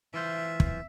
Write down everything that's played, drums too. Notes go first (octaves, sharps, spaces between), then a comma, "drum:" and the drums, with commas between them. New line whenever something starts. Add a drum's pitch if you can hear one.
E3 F4 C5 E5
drum: kick